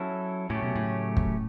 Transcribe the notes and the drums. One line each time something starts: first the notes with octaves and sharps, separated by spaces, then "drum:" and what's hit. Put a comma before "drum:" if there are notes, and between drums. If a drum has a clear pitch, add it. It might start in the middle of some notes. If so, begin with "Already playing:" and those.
Already playing: F#3 C#4 E4 A4
A2 C#3 F#3 A3 C#4 G4
B2
A2
drum: kick